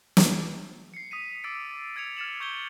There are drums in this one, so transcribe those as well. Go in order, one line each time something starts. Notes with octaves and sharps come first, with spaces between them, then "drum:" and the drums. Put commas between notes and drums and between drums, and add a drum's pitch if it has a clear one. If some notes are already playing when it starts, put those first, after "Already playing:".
drum: snare
C7 C#7
D#6 B6 D#7
D6 E6 A6 D7
E6 G#6 A6 C#7 F7
F6 A6 C#7 E7 F#7
C#6 G6 G#6 F7 G7